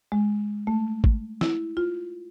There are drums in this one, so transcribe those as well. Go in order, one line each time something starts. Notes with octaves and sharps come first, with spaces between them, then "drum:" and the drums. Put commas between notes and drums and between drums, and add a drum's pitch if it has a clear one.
G#3
A3
drum: kick G#1
E4, drum: snare
F4